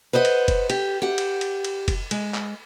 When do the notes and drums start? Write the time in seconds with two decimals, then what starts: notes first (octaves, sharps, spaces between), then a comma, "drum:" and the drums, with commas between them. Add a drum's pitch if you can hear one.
0.13 B4 C5 D#5 F#5
0.25 drum: cymbal
0.48 drum: kick F#1, cymbal
0.70 G4, drum: cymbal
1.02 G4 F#5
1.18 drum: cymbal
1.41 drum: cymbal
1.65 drum: cymbal
1.88 drum: kick F#1, cymbal
2.11 G#3, drum: cymbal
2.34 drum: clap